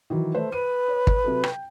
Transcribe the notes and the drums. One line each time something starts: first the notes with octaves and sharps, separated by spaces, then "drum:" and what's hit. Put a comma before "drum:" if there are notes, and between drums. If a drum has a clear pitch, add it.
D#3 E3 F#3
A3 B4 C5
B4 D#7
C#5
drum: kick
C3 F#3 A4
G5, drum: rim click